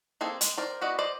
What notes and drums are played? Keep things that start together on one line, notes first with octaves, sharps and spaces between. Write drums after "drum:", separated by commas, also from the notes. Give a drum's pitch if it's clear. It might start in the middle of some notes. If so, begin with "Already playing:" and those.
A#3 C4 G#4 A4
G#3, drum: hi-hat
A#4 C5 D5
B3 E4 F#4 D5 D#5
C5 D5 D#5